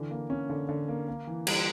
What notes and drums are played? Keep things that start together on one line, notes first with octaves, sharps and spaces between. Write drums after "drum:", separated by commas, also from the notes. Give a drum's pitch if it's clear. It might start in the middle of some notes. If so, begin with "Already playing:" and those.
Already playing: D3 E3
A#3
C#4
D3
D3
A#3
A#3
E3
G3, drum: cymbal